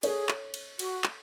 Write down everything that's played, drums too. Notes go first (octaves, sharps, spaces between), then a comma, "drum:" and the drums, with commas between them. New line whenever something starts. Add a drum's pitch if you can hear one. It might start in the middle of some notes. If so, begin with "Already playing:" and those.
G#4 A4 C#5, drum: cymbal
drum: clap
drum: cymbal
F#4, drum: cymbal
drum: clap